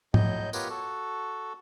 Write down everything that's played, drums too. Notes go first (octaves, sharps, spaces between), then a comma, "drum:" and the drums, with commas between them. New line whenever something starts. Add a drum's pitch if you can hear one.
A2 F#3 D#5 G6, drum: tom G#2
B3 F4 G4 A#4 B4 C#5, drum: tambourine
F#4 A4